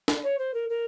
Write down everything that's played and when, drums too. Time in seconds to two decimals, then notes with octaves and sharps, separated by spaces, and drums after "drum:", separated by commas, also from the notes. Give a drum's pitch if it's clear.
0.08 drum: snare
0.23 C#5
0.38 C5
0.53 A#4
0.69 A#4